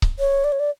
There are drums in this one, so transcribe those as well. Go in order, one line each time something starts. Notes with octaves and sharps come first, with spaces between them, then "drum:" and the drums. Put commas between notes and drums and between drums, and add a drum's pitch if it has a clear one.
drum: kick C#1
C#5
D5
C#5
D5